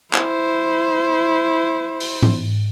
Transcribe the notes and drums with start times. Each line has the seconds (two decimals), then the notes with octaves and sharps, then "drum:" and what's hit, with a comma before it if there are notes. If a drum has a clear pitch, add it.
0.13 E4 C5, drum: clap
2.00 drum: open hi-hat
2.22 drum: tom G#2